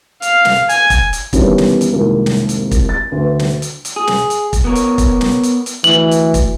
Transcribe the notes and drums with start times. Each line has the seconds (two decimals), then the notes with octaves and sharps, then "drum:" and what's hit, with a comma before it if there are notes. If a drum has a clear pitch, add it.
0.22 F5, drum: hi-hat
0.45 drum: snare
0.69 G#5, drum: hi-hat
0.90 drum: kick, hi-hat
1.13 drum: hi-hat
1.33 E2 D3 D#3 G3 B3 C#4, drum: kick, hi-hat
1.58 drum: snare
1.81 drum: hi-hat
1.93 C2 F2 D#3 G#3 A#3
2.26 drum: snare
2.49 drum: hi-hat
2.71 drum: kick, hi-hat
2.89 A6
3.12 D2 B4
3.39 drum: snare
3.62 drum: hi-hat
3.85 drum: hi-hat
3.96 G#4
4.07 drum: snare
4.30 drum: hi-hat
4.53 drum: kick, hi-hat
4.65 B3 A#4 C#5
4.75 drum: hi-hat
4.98 drum: kick, hi-hat
5.21 drum: snare
5.43 drum: hi-hat
5.66 drum: hi-hat
5.84 D2 E3 F#7
6.11 drum: hi-hat
6.34 drum: kick, hi-hat